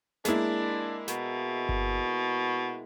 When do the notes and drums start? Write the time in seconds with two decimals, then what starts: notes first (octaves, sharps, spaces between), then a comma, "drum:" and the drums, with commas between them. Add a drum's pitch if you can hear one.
0.25 G#3 A#3 D4 E4, drum: snare
1.08 B2, drum: snare
1.69 drum: kick G1